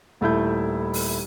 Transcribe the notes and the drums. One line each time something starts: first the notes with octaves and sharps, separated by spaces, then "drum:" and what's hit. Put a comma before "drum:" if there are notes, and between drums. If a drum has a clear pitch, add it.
D#1 A3 E4 G6
drum: open hi-hat